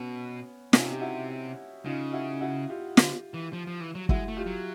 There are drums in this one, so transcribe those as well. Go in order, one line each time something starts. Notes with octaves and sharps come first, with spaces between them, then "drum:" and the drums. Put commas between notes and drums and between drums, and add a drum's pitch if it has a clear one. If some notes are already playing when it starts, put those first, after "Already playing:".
Already playing: B2 B3 C#4
C3 C#4 D#4, drum: snare
G4
E4 F#4
C#3 D#4 F4
E4 F#4
E4 F#4
F4 G4
D3, drum: snare
E3
F3
F3
E3
F#3
G#3 E4 F#4, drum: kick
A3
F4 G4
F#3